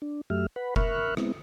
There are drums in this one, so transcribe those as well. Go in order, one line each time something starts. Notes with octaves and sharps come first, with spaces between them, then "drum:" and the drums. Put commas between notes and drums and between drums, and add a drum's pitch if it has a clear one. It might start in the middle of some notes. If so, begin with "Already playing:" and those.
D4
F#2 F#3 A3 G4 E5 F6
B4 F#5 B5
A#4 E5 B5 C#6 F6 F#6, drum: kick F1
G#3 B3 C4 E4, drum: rim click